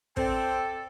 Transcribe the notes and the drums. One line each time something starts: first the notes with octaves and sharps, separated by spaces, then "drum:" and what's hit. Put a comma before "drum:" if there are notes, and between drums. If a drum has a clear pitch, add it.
C4 A4 D5 G5, drum: kick